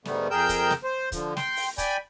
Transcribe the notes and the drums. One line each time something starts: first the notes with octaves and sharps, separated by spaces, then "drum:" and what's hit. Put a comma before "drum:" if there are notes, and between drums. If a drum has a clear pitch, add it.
G#2 D3 G3 A3 B3, drum: snare
F2 G#4 A#4 G5 E6 G6
drum: kick, hi-hat
drum: snare
C5
D3 F3, drum: kick, hi-hat
G5 C6, drum: snare
drum: open hi-hat
D5 G5 G#5 B5, drum: kick, hi-hat